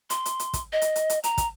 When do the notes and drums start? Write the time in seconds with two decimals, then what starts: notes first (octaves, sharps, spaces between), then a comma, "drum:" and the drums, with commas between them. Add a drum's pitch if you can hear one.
0.10 C6, drum: hi-hat
0.25 drum: hi-hat
0.39 drum: hi-hat
0.53 drum: kick, hi-hat
0.73 D#5
0.82 drum: hi-hat
0.96 drum: hi-hat
1.10 drum: hi-hat
1.24 A#5, drum: hi-hat
1.38 drum: kick, hi-hat